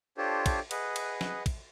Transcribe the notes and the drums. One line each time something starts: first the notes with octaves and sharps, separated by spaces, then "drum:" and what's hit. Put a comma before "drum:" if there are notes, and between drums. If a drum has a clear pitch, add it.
D4 F4 G4 A4 C5 C#5
drum: kick, cymbal
G#4 B4 D#5 F#5, drum: cymbal
drum: cymbal
drum: snare
drum: kick, cymbal